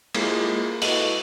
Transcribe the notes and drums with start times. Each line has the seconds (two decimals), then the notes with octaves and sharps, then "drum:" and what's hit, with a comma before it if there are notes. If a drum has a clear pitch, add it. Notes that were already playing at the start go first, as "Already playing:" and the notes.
0.14 G#3 A#3 E4 F4 G4 G#4, drum: cymbal
0.82 E4 F#4 G4 A4 B4 D#5, drum: open hi-hat